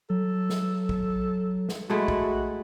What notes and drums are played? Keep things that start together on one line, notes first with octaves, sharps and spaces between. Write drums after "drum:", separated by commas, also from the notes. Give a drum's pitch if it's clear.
F#3 A4
drum: snare
drum: kick
drum: snare
G#3 A3 E4 F#4
drum: kick